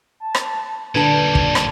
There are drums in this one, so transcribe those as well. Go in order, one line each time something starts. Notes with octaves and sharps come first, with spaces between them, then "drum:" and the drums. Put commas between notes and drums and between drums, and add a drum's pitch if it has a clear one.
A5
drum: rim click
A#2 D3 G3 B4 D5 A5 G#6
drum: kick
drum: rim click